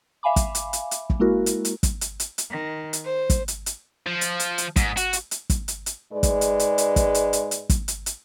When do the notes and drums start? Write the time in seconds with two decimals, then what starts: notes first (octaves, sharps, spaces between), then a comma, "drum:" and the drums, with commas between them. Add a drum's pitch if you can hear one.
0.23 E5 F5 G#5 B5 D6
0.36 drum: kick, hi-hat
0.55 drum: hi-hat
0.73 drum: hi-hat
0.91 drum: hi-hat
1.10 drum: kick
1.20 G#3 A#3 E4 F#4 A#4
1.46 drum: hi-hat
1.65 drum: hi-hat
1.83 drum: kick, hi-hat
2.01 drum: hi-hat
2.20 drum: hi-hat
2.38 drum: hi-hat
2.50 D#3
2.93 drum: hi-hat
3.04 C5
3.30 drum: kick, hi-hat
3.48 drum: hi-hat
3.66 drum: hi-hat
4.07 F3
4.21 drum: hi-hat
4.40 drum: hi-hat
4.58 drum: hi-hat
4.76 G#2, drum: kick, hi-hat
4.97 F#4, drum: hi-hat
5.13 drum: hi-hat
5.31 drum: hi-hat
5.50 drum: kick, hi-hat
5.68 drum: hi-hat
5.86 drum: hi-hat
6.12 G#2 G#3 B4 D5
6.23 drum: kick, hi-hat
6.41 drum: hi-hat
6.60 drum: hi-hat
6.78 drum: hi-hat
6.96 drum: kick, hi-hat
7.15 drum: hi-hat
7.33 drum: hi-hat
7.51 drum: hi-hat
7.70 drum: kick, hi-hat
7.88 drum: hi-hat
8.06 drum: hi-hat